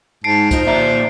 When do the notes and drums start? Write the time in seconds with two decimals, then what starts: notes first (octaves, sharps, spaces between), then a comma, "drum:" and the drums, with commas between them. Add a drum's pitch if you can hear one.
0.24 G#2 A5 C7 D7
0.51 F3 D#4, drum: kick C2, hi-hat
0.67 A#2 D5 E5 A#5